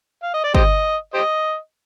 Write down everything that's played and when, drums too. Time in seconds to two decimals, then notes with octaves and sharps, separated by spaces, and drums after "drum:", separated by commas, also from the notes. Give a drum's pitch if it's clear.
0.23 F5
0.34 D#5
0.44 D5
0.54 G4 C5 D#5, drum: kick
1.14 G4 C5 D#5